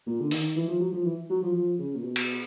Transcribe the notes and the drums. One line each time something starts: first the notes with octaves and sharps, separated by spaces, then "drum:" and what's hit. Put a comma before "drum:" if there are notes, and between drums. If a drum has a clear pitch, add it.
A#2
D3
D#3, drum: open hi-hat
E3
F3
F#3
F3
E3
F#3
F3
F3
C#3
A#2
B2
drum: cymbal